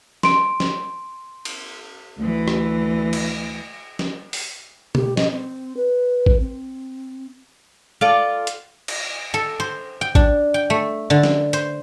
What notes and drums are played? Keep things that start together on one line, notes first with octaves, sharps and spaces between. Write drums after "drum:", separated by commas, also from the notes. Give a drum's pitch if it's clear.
C6 D7, drum: snare
drum: snare
drum: cymbal
D2 E3
drum: rim click
drum: cymbal
drum: snare
drum: open hi-hat
G4, drum: tom B2
D#5, drum: snare
C4
B4
drum: kick A1
C4
F4 A4 D5
drum: hi-hat
drum: cymbal
A4
C5
G5
D4, drum: kick A1
G5
A3
D3
drum: snare
C5, drum: hi-hat